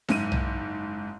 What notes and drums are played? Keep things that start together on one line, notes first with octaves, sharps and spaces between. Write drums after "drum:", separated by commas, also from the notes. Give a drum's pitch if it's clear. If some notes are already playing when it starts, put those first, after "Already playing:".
F#1 G#2 D#7, drum: snare D#4
drum: tom